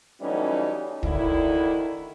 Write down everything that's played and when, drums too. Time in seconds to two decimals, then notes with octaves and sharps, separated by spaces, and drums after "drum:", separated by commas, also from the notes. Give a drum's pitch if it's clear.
0.21 E3 F#3 G3 A3 C#4 D#4
1.03 D2 D3 D#3 E4, drum: kick